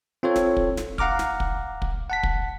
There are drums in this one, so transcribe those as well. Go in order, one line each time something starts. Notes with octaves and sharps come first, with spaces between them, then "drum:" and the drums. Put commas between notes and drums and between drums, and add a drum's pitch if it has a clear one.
C4 F4 A4 C#5
drum: snare
drum: kick
drum: snare
F5 F#5 A#5 D6 F6, drum: kick
drum: snare
drum: kick
drum: kick
F#5 A5 B6
drum: kick